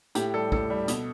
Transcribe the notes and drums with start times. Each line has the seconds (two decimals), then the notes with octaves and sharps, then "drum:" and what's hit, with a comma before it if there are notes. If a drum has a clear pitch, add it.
0.15 A2 G4, drum: hi-hat
0.34 G3 A4
0.52 A2 A4, drum: kick
0.70 G3
0.88 B2, drum: hi-hat